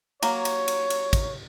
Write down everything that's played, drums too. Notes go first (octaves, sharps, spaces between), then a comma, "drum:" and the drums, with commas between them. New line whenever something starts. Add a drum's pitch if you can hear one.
F#3 A#3 C#5, drum: cymbal
drum: cymbal
drum: cymbal
drum: cymbal
drum: kick, cymbal